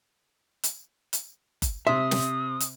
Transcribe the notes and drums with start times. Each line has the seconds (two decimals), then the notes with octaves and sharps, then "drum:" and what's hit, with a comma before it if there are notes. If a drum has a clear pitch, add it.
0.64 drum: hi-hat
1.13 drum: hi-hat
1.62 drum: kick F#1, hi-hat
1.87 C3 E5 C6 D#6
2.11 drum: snare
2.60 drum: hi-hat